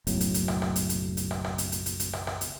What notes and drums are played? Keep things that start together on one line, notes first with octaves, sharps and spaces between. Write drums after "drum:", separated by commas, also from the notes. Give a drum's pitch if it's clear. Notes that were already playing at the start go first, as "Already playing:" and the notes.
F#1 B1 A2, drum: hi-hat
drum: hi-hat
drum: hi-hat
drum: rim click
drum: rim click
drum: hi-hat
drum: hi-hat
drum: hi-hat
drum: rim click
drum: rim click
drum: hi-hat
drum: hi-hat
drum: hi-hat
drum: hi-hat
drum: rim click
drum: rim click
drum: hi-hat